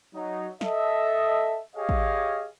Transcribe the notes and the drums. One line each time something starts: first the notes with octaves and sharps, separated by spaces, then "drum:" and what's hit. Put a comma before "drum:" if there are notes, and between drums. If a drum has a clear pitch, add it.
F#3 D#4
A4 D#5 E5, drum: snare
G4 G#4 C#5 D#5 F5
drum: kick